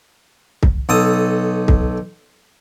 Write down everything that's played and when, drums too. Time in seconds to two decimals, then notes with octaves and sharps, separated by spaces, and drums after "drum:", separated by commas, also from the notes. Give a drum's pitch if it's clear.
0.63 drum: kick C2
0.89 B1 A4 D#6
1.68 drum: kick C2